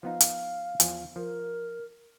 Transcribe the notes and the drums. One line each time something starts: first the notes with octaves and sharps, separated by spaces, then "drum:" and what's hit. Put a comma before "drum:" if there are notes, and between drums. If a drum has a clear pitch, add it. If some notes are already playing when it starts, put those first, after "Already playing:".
F3 B3 D#4 F5
drum: hi-hat
E2 F3 G#5, drum: hi-hat
F3 A#4